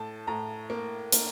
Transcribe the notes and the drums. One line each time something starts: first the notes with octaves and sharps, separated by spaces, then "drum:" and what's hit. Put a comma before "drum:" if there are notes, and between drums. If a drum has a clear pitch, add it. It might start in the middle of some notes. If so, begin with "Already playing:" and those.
Already playing: A2 A5
A2 A#5
A#3
A#3, drum: hi-hat